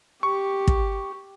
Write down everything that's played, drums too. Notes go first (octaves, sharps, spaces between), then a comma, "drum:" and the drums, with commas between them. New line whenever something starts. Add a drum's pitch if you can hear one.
G4 C#6
drum: kick